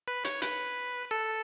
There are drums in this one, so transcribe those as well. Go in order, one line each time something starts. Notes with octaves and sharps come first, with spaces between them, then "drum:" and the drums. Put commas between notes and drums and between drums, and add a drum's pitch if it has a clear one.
B4
C#5, drum: hi-hat
B4, drum: hi-hat
A4